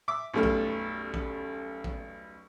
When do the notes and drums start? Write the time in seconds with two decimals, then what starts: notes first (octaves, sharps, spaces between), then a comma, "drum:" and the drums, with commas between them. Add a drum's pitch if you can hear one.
0.08 E5 D6 E6
0.33 B1 F#2 G3 A3 F6
0.43 drum: kick
1.14 drum: kick
1.84 drum: kick